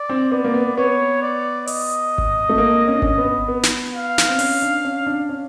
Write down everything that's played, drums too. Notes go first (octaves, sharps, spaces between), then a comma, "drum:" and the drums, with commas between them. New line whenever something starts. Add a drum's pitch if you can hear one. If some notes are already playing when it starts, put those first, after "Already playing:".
Already playing: D5
C4
B3 D5
A#3
B3
B3 C#5
D5
D#5, drum: open hi-hat
drum: kick G#1
A3
A#3
C#4
D4
C#4, drum: kick G#1
B3
B3
drum: snare
F5
drum: snare
C4
C#4, drum: open hi-hat
D4
C#4
D4
C#4